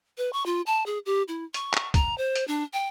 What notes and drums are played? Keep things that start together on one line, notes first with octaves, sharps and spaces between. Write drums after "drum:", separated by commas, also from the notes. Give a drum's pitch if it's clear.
B4
C#6
F4
A5
G#4
G4
E4
C#6, drum: hi-hat
drum: clap
A#5, drum: kick, hi-hat
C5
drum: hi-hat
D4
G5